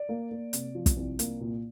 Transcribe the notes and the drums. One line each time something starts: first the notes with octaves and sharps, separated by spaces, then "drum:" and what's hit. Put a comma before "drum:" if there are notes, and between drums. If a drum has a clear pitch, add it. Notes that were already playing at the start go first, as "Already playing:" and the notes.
Already playing: D5
A#3
A#3
C3, drum: hi-hat
F3
drum: kick, hi-hat
C2
A#3, drum: hi-hat
A#2